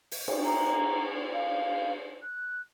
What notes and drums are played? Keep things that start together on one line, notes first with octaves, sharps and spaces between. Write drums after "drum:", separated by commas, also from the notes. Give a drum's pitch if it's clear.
drum: open hi-hat
drum: cymbal
A#5
F5
F#6